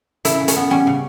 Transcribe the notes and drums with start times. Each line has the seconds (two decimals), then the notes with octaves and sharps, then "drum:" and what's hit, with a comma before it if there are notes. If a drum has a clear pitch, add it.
0.25 C#3 E4, drum: hi-hat
0.40 C#3
0.48 C#4, drum: hi-hat
0.56 B3
0.70 G3 C#4
0.87 C#3